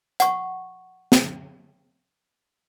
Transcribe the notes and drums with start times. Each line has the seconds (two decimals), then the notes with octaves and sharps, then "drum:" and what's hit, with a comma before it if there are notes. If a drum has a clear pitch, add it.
0.20 F#5 C#6, drum: hi-hat
1.12 drum: snare